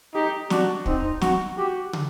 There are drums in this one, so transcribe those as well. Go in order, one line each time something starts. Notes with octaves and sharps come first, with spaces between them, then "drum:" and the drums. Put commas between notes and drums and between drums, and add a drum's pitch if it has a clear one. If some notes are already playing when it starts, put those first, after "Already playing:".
D#4 G4
D4 F#4, drum: snare
C4 D#4, drum: kick
F#4, drum: snare
F#4 G4
drum: tom